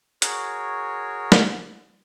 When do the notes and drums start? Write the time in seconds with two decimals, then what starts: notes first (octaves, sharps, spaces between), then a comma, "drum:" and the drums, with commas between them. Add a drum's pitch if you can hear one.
0.22 F#4 G#4 A#4 C#5, drum: hi-hat
1.32 drum: snare